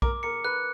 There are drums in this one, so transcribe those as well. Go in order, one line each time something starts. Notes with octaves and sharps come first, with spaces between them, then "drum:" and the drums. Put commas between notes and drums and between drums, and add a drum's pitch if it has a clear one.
A#4 D6, drum: kick B1
A#4 C#7
B4 F#6